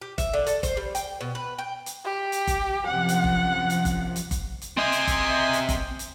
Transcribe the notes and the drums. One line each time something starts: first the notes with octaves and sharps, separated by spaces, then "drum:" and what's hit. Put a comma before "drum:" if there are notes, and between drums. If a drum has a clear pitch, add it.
G4
E5, drum: kick G1, hi-hat
D3
A4, drum: hi-hat
C5, drum: kick G1, hi-hat
G3
G5, drum: hi-hat
B2
B4
G5
drum: hi-hat
G4
drum: hi-hat
drum: kick G1, hi-hat
F#2 C3 F3 F#5
drum: hi-hat
drum: kick G1
drum: hi-hat
drum: kick G1, hi-hat
drum: hi-hat
drum: kick G1, hi-hat
drum: hi-hat
C4 D#5 E5 G#5 C6
drum: hi-hat
drum: kick G1, hi-hat
drum: hi-hat
drum: kick G1, hi-hat
drum: hi-hat